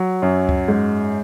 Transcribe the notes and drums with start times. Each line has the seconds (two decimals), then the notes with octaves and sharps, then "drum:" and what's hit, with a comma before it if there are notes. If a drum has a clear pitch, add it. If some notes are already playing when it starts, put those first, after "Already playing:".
Already playing: F#3
0.22 F#2
0.49 drum: kick C#2
0.68 G#2